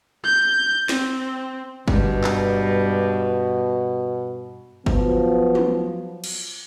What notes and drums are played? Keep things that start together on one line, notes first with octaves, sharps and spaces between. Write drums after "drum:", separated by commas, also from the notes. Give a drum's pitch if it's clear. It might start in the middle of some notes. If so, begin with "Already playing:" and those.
G6
C4, drum: snare
G2 B2, drum: kick G1
drum: clap
F3 F#3 B3, drum: kick G1
drum: tom
drum: cymbal